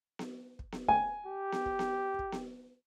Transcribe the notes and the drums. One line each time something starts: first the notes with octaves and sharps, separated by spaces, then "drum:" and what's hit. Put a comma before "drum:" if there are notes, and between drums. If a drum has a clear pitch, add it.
drum: snare B3
drum: kick
drum: snare B3
G#5, drum: kick
G4
drum: snare B3
drum: kick
drum: snare B3
drum: kick
drum: snare B3